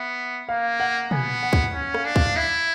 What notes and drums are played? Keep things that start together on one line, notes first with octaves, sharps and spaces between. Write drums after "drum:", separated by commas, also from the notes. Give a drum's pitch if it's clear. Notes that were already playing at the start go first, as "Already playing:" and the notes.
Already playing: B3 E5
A#3 F5
F#5
B3 G#5, drum: tom
F#5
drum: kick
C#4 F#5
F5, drum: rim click
D4
F5, drum: kick
E4 E5